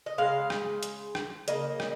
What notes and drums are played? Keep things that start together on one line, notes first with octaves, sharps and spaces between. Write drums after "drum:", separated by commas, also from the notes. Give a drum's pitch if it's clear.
D#5
C#3 G#3 F5
drum: rim click
drum: hi-hat
drum: rim click
C#3 F#3 A#3 D#5, drum: hi-hat
drum: rim click